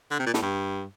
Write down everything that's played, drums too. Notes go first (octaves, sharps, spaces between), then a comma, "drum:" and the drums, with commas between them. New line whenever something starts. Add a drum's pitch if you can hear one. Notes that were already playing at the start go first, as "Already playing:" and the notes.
D3
C3
A#2
A2, drum: snare
G2